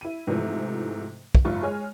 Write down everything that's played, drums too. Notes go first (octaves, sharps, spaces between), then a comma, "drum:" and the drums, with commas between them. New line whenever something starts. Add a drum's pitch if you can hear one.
E4 D#7
G#2 C3 E3 F3 A3
drum: kick
F#1 G#2 F4 C#6
G#3 C#5 G#5 F6